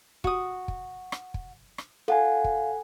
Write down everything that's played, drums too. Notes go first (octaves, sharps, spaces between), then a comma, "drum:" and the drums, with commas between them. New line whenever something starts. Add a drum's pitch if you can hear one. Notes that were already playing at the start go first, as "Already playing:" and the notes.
F#4 D#6, drum: kick
drum: kick
drum: rim click
drum: kick
drum: rim click
F4 A4 F#5 G#5
drum: kick